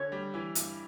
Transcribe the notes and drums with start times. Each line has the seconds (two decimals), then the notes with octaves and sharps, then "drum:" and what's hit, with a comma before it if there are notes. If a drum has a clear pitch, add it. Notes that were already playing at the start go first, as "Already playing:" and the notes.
Already playing: D3 C#5
0.12 G3
0.34 E3
0.55 G2, drum: hi-hat